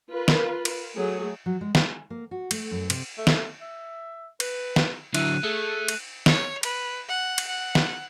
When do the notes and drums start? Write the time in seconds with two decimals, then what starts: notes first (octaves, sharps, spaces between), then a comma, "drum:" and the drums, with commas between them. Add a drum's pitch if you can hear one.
0.11 F4 A#4 B4
0.28 drum: snare
0.65 drum: cymbal
0.97 F#3 A3 G#4
1.46 F#3
1.61 G#3
1.75 G#4, drum: snare
2.10 A#3
2.31 F#4
2.51 A3, drum: cymbal
2.71 F#2
2.90 C3, drum: cymbal
3.18 A3
3.27 drum: snare
3.61 E5
4.40 B4, drum: cymbal
4.76 drum: snare
5.14 D3 F#3 E4 F#6 D#7, drum: cymbal
5.43 A3 G#4
5.88 drum: cymbal
6.26 C#5, drum: snare
6.63 B4, drum: cymbal
7.08 F#5
7.38 drum: cymbal
7.47 F#5
7.75 drum: snare